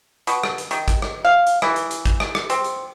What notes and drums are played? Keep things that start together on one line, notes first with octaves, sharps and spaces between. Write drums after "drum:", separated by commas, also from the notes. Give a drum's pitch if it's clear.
B2, drum: hi-hat
drum: rim click
drum: hi-hat
D#3, drum: hi-hat
drum: kick, hi-hat
drum: rim click
F5
drum: hi-hat
E3, drum: rim click
drum: hi-hat
drum: hi-hat
drum: kick, hi-hat
drum: rim click
drum: rim click
C4, drum: hi-hat
drum: hi-hat